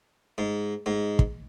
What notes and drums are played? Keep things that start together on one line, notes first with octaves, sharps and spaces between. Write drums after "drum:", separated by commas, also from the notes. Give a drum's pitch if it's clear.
G#2
G#2
drum: kick